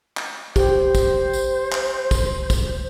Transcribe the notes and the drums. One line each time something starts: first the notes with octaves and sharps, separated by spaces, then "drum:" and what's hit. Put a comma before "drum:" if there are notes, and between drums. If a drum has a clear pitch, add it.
drum: clap
G4 C5, drum: kick, tambourine
drum: kick, tambourine
drum: tambourine
drum: clap
drum: kick, tambourine
drum: kick, tambourine